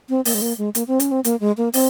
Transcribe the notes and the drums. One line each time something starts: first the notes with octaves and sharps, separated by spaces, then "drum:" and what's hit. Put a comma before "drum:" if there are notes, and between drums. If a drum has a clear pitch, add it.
C4
A#3, drum: open hi-hat
G#3
A#3
G#3
A#3, drum: hi-hat
C4
C#4, drum: hi-hat
C4
A#3, drum: hi-hat
G#3
A#3
C4, drum: open hi-hat